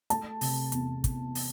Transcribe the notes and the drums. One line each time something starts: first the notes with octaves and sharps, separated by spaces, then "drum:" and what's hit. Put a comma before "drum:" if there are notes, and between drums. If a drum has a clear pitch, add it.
A3 A5, drum: hi-hat
C3, drum: open hi-hat
E2, drum: hi-hat
drum: kick, hi-hat
drum: open hi-hat